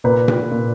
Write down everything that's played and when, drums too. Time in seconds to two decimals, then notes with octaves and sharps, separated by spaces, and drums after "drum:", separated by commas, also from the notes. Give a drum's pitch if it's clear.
0.04 A#2 B4
0.28 drum: tom A#2
0.51 A#2